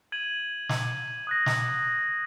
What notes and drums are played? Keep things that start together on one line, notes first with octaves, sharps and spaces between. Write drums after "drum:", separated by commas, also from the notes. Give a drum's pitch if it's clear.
G#6 D#7 F#7
drum: snare
D#6 F#6 A#6
drum: snare